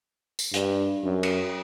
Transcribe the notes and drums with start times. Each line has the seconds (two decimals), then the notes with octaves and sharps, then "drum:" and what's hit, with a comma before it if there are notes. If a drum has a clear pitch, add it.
0.39 drum: tambourine
0.54 G2, drum: hi-hat
1.04 F#2
1.23 drum: cymbal